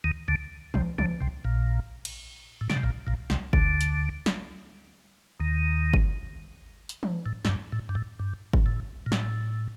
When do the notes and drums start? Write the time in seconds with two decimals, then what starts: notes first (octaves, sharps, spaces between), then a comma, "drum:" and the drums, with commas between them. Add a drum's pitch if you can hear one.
0.04 D#2 D#3
0.28 D2 D3
0.74 C2 C3, drum: tom E3
0.98 D2 D3, drum: tom E3
1.21 C2 C3
1.45 A#1 A#2
2.05 drum: cymbal
2.61 A2
2.70 D3, drum: snare
2.76 C3
2.83 A#1 A#2
3.07 A#1 A#2
3.30 C2 C3, drum: snare
3.53 D2 D3, drum: kick G1
3.81 drum: hi-hat
4.26 drum: snare
5.40 D#2 D#3
5.94 drum: kick G1
6.89 drum: hi-hat
7.03 drum: tom E3
7.26 A2
7.45 A2, drum: snare
7.49 G2
7.72 A2
7.89 G2
7.95 A2
8.19 G2
8.53 drum: kick G1
8.66 A2
9.06 A#2
9.12 A2, drum: snare